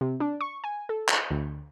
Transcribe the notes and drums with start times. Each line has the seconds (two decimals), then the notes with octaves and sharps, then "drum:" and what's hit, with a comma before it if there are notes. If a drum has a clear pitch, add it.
0.01 C3
0.20 D4
0.41 C#6
0.64 G#5
0.89 A4
1.09 drum: clap
1.31 D2